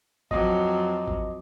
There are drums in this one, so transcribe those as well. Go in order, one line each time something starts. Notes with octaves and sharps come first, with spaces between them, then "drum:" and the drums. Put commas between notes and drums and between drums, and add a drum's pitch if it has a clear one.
F2 F#3 D#5 D6, drum: kick G#1
drum: kick G#1